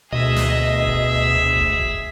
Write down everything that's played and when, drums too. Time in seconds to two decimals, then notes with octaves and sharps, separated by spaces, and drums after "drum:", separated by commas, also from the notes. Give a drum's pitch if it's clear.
0.13 D2 B2 G#4 D#5 E5
0.36 drum: snare
0.84 drum: kick E1
1.56 drum: kick E1
1.80 drum: kick E1